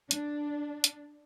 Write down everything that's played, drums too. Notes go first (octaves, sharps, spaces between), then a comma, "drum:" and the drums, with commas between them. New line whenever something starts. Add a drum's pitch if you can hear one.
D4, drum: hi-hat
drum: hi-hat